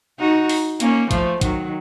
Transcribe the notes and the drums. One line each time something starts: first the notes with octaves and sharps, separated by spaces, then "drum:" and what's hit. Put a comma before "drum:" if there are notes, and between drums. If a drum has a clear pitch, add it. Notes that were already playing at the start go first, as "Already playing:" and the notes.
D#4 F#4
drum: open hi-hat
A#3 C#4, drum: hi-hat
F3 A3, drum: kick, hi-hat
D#3 F#3, drum: kick, hi-hat